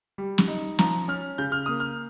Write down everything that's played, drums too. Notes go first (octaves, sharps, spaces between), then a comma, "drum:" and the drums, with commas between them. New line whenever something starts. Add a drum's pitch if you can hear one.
G3
drum: snare
D#4
F3 A#5, drum: snare
C#4 F6
C#3 G6
F6
A#3 D#6
F6